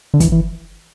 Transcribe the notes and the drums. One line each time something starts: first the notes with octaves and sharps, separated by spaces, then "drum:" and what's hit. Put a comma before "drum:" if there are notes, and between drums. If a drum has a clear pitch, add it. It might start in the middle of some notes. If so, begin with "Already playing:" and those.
D3
E3, drum: kick, hi-hat
E3